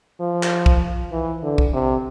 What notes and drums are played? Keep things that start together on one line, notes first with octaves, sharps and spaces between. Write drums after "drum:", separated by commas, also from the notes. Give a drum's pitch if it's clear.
F3
drum: clap
drum: kick
E3
D3
drum: kick
C3